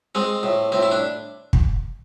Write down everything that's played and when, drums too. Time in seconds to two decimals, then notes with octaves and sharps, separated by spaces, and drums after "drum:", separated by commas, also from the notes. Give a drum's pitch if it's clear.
0.15 G#3 C4
0.43 A2
0.72 A2 C4
0.83 E4
0.91 D4
1.53 drum: kick